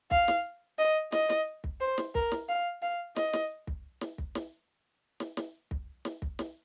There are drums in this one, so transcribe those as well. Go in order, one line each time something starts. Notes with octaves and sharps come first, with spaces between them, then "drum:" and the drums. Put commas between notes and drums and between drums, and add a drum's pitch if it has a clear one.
F5, drum: kick
drum: snare
D#5
D#5, drum: snare
drum: snare
drum: kick
C5
drum: snare
A#4, drum: kick
drum: snare
F5
F5
D#5, drum: snare
drum: snare
drum: kick
drum: snare
drum: kick
drum: snare
drum: snare
drum: snare
drum: kick
drum: snare
drum: kick
drum: snare